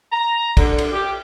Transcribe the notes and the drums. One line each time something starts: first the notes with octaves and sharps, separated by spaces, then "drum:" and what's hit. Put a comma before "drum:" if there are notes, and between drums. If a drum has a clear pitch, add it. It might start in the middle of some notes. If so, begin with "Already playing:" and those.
A#5
D3, drum: kick, cymbal
drum: cymbal
G4